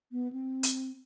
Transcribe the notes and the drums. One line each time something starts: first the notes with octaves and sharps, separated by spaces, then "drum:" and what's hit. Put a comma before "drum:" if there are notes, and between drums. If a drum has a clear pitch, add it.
B3
C4
drum: hi-hat